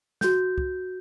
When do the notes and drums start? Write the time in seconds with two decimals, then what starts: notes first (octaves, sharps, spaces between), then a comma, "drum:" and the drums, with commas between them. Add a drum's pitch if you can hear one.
0.21 F#4 G6, drum: snare
0.58 drum: kick C2